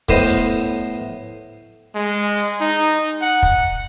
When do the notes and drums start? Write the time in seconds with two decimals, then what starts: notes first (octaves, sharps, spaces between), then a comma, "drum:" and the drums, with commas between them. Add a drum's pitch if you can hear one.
0.09 A2 B3 C5 D#5, drum: kick
0.27 drum: hi-hat
1.95 G#3
2.34 drum: open hi-hat
2.61 D#4
3.21 F#5
3.43 drum: kick